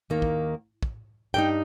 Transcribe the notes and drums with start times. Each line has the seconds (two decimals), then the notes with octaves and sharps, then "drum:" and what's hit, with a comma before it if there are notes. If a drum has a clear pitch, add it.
0.10 D#2 D#3 A#3
0.22 drum: kick
0.83 drum: kick
1.34 G2 G3 A#3 D#4 G5